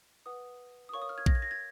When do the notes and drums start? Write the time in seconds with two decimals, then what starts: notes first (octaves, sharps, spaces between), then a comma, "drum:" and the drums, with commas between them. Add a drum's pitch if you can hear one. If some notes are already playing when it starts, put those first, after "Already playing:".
0.26 B4 F#5 D#6
0.89 D#6
0.93 A#4 C#5 F5 C#6
1.02 D#6
1.09 F6
1.18 G#6
1.26 A#6, drum: kick A#1
1.35 G#6
1.42 A#6
1.51 G#6